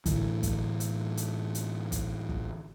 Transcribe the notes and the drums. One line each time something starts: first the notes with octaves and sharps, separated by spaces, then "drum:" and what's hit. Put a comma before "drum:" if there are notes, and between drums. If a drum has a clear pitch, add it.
A2 D3 E3, drum: kick, hi-hat
drum: kick, hi-hat
drum: hi-hat
drum: hi-hat
drum: hi-hat
drum: kick, hi-hat
drum: kick